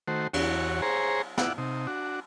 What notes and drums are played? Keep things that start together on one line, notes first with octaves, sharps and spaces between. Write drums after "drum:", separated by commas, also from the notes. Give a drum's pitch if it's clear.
D#3 A3 F#4 C5
E2 F#4 C#5, drum: cymbal
G#4 C5 C#5 A#5
E4 F4 D5 F#5, drum: snare
C3 D#4
D4 F#4